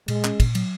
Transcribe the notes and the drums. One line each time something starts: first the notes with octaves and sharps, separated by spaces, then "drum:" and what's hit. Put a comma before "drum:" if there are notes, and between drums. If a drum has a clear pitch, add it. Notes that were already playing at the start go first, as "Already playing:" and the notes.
A#2 G#3, drum: cymbal
C#4, drum: clap
A#2, drum: kick, cymbal
F#3, drum: cymbal